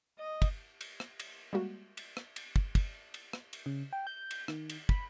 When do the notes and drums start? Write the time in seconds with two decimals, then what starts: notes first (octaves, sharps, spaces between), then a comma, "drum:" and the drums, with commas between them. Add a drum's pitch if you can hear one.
0.18 D#5
0.42 drum: kick, cymbal
0.81 drum: cymbal
1.00 drum: rim click
1.20 drum: cymbal
1.53 G3 G#3 A#3 F#4
1.97 drum: cymbal
2.17 drum: rim click
2.36 drum: cymbal
2.56 drum: kick
2.75 drum: kick, cymbal
3.14 drum: cymbal
3.33 drum: rim click
3.53 drum: cymbal
3.66 C#3
3.93 G5
4.07 G6
4.31 drum: cymbal
4.48 D#3, drum: rim click
4.70 drum: cymbal
4.89 B5, drum: kick